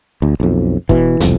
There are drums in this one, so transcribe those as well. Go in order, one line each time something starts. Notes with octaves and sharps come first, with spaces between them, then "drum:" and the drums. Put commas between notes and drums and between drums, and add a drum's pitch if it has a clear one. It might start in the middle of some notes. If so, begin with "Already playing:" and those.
D2
B1 F2
B2 E3, drum: kick
E1 C2 F2, drum: hi-hat